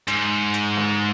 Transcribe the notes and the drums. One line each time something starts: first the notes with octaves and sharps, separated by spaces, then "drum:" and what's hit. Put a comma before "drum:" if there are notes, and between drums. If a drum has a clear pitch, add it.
G#2, drum: hi-hat
drum: hi-hat
drum: snare